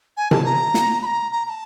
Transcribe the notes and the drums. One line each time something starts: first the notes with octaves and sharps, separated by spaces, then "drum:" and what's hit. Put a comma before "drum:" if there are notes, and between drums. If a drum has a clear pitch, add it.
G#5
A5, drum: tom C3
A#5
drum: snare
B5
A#5
A#5
A#5
A5